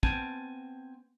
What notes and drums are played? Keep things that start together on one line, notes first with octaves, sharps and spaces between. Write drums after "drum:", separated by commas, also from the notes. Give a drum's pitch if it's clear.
B3 C4 G#5 A5, drum: kick